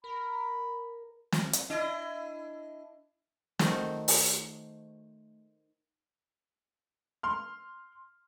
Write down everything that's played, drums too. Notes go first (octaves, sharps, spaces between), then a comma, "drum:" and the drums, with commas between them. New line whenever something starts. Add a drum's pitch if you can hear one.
A#4 B5
drum: snare
drum: hi-hat
D4 E4 D#5
D#3 A3 F#4 C5, drum: snare
drum: open hi-hat
C6 F6